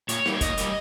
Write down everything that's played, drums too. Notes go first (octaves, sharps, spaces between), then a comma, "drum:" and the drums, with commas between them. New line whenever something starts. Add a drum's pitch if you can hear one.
A#2 C#5, drum: hi-hat
G3 A#3, drum: snare D#4
C#5
A#2 D#5, drum: kick, hi-hat
G3 A#3, drum: hi-hat